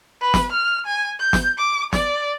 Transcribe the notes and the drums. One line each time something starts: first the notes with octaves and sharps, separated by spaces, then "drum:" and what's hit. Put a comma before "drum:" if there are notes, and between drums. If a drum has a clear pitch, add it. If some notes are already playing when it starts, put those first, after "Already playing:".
B4
drum: snare
F6
G#5
G6
drum: snare
D6
D5, drum: snare